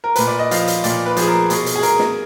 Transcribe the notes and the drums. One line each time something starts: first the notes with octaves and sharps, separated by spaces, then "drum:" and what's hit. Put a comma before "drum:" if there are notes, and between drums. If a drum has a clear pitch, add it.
A#4
A#2 B4, drum: hi-hat
D5
D#5
F3 F5, drum: hi-hat
drum: hi-hat
A#2 D5, drum: hi-hat
B4
F3 G#4, drum: hi-hat
A#4
B2 G#4, drum: hi-hat
drum: hi-hat
G#4
A#4, drum: hi-hat
drum: snare